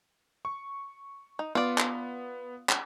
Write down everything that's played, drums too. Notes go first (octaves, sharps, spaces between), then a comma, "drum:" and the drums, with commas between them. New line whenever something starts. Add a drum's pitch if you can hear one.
C#6
D#4
B3 F4 D5
drum: clap
drum: clap